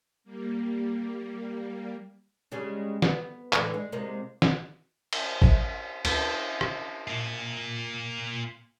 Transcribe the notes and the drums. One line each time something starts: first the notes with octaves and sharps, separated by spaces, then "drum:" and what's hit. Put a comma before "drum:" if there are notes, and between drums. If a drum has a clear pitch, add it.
G3 A#3
C#3 G3 G#3
B3, drum: snare
A2 D3 E3, drum: clap
G#3
C3 G#3 A#3
drum: snare
drum: cymbal
B1 F3, drum: kick G#1
D2 A4 B4 A5, drum: cymbal
drum: rim click
A#3 F4